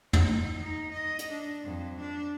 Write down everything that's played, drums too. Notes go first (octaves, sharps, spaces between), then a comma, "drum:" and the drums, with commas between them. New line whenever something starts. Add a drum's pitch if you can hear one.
D#4, drum: tom
D#4
D#5
drum: hi-hat
D4
F2
D4